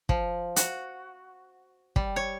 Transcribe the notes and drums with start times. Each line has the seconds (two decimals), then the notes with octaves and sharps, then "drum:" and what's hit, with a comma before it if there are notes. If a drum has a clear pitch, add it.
0.09 F3, drum: kick
0.56 F#4, drum: hi-hat
1.96 G3, drum: kick
2.16 C#5